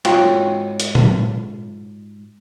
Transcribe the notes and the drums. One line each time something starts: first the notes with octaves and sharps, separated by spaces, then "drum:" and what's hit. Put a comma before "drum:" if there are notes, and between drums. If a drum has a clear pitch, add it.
G#2 F4 F#4 C#5 F5 G5, drum: cymbal
drum: hi-hat
drum: tom A#2